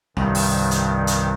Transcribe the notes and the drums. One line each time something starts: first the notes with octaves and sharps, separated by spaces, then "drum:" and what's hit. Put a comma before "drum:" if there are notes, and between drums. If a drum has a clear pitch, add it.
C2 G2 D#3, drum: rim click
drum: open hi-hat
drum: hi-hat
drum: hi-hat